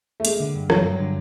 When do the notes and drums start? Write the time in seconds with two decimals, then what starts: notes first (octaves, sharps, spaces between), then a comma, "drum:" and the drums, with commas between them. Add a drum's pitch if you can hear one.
0.20 A3
0.25 G#3 A#3, drum: hi-hat
0.40 D3
0.55 G2
0.70 G2 F#3, drum: rim click
0.84 G2
1.00 D3